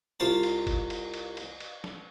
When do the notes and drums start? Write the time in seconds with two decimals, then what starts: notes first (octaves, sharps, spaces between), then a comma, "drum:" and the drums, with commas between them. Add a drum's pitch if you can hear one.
0.20 C2 F4 C5 A5
0.43 drum: cymbal
0.67 drum: kick F#1, cymbal
0.90 drum: cymbal
1.14 drum: cymbal
1.37 drum: cymbal
1.60 drum: cymbal
1.84 drum: snare